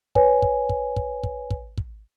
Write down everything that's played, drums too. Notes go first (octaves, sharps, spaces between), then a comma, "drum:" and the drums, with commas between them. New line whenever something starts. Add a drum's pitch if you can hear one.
B4 C#5 G#5, drum: kick
drum: kick
drum: kick
drum: kick
drum: kick
drum: kick
drum: kick